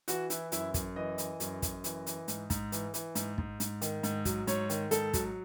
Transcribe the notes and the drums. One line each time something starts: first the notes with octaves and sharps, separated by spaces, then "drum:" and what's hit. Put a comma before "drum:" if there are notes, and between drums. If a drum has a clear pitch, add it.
E3 F#4, drum: hi-hat
E3 E4, drum: hi-hat
F#2 E4, drum: hi-hat
F#2, drum: kick, hi-hat
E3 D#5
E3, drum: hi-hat
F#2, drum: hi-hat
F#2, drum: kick, hi-hat
E3, drum: hi-hat
E3, drum: hi-hat
G#2, drum: hi-hat
G#2, drum: kick, hi-hat
E3, drum: hi-hat
E3, drum: hi-hat
G#2, drum: hi-hat
G#2, drum: kick
G#2, drum: hi-hat
D#3, drum: hi-hat
G#2, drum: hi-hat
F#3, drum: kick, hi-hat
G#2 C#5, drum: hi-hat
D#3, drum: hi-hat
G#2 A4, drum: hi-hat
F#3, drum: kick, hi-hat